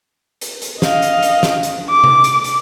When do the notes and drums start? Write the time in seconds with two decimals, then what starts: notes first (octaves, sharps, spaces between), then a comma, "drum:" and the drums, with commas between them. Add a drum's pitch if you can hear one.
0.41 drum: hi-hat
0.62 drum: hi-hat
0.82 D#5 F5, drum: snare
1.02 drum: hi-hat
1.23 drum: hi-hat
1.43 drum: snare
1.63 drum: hi-hat
1.90 D6
2.04 drum: tom C3
2.24 drum: hi-hat
2.44 drum: hi-hat